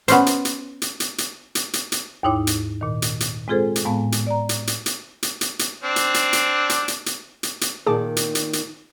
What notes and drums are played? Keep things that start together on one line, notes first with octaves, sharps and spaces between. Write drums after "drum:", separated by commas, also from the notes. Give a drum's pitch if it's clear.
B3 C#4 C5, drum: hi-hat
drum: hi-hat
drum: hi-hat
drum: hi-hat
drum: hi-hat
drum: hi-hat
drum: hi-hat
drum: hi-hat
drum: hi-hat
D#2 G#2 D#4 E4 C#5 D6
drum: hi-hat
A#2 D#3
drum: hi-hat
drum: hi-hat
G#3 C4 F4 G#4 A4 C5
drum: hi-hat
A2 G#3 B3 F5 A5
drum: hi-hat
D5 A#5
drum: hi-hat
drum: hi-hat
drum: hi-hat
drum: hi-hat
drum: hi-hat
drum: hi-hat
C4 D4
drum: hi-hat
drum: hi-hat
drum: hi-hat
drum: hi-hat
drum: hi-hat
drum: hi-hat
drum: hi-hat
drum: hi-hat
A#2 D#3 G#4 A5 D6
drum: hi-hat
drum: hi-hat
drum: hi-hat